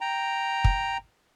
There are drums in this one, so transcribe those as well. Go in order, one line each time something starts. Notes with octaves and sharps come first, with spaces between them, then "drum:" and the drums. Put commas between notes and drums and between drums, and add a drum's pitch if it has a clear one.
G5 A#5
drum: kick